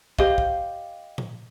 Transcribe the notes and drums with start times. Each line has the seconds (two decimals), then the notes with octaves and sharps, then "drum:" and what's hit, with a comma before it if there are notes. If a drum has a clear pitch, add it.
0.19 G4 C5 D#5 F5, drum: kick
0.38 drum: kick
1.18 drum: tom A#2